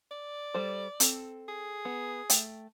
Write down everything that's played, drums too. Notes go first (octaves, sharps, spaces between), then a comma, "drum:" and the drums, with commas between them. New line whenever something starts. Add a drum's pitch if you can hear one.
D5
G3 A4 C5
C4 A4, drum: hi-hat
G#4
B3
A3 G5, drum: hi-hat